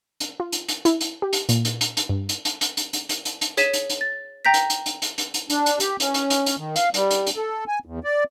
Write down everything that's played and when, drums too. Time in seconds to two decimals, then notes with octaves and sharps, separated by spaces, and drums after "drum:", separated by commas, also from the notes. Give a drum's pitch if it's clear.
0.20 drum: hi-hat
0.40 F4
0.52 drum: hi-hat
0.69 drum: hi-hat
0.85 E4, drum: hi-hat
1.01 drum: hi-hat
1.22 G4
1.33 drum: hi-hat
1.49 A#2, drum: hi-hat
1.65 drum: hi-hat
1.81 drum: hi-hat
1.97 drum: hi-hat
2.09 G2
2.29 drum: hi-hat
2.45 drum: hi-hat
2.61 drum: hi-hat
2.77 drum: hi-hat
2.93 drum: hi-hat
3.09 drum: hi-hat
3.25 drum: hi-hat
3.41 drum: hi-hat
3.57 G#4 C#5 B6 D#7 E7, drum: hi-hat
3.74 drum: hi-hat
3.90 drum: hi-hat
4.01 A6
4.45 G5 A#5 G6 A#6 B6
4.54 drum: hi-hat
4.70 drum: hi-hat
4.86 drum: hi-hat
5.02 drum: hi-hat
5.18 drum: hi-hat
5.34 drum: hi-hat
5.50 D4, drum: hi-hat
5.66 drum: hi-hat
5.80 G4, drum: hi-hat
6.00 C#4, drum: hi-hat
6.14 drum: hi-hat
6.30 drum: hi-hat
6.46 drum: hi-hat
6.58 D#3
6.76 F5, drum: hi-hat
6.94 G3, drum: hi-hat
7.11 drum: hi-hat
7.27 drum: hi-hat
7.37 A4
7.68 G#5
7.86 E2
8.04 D5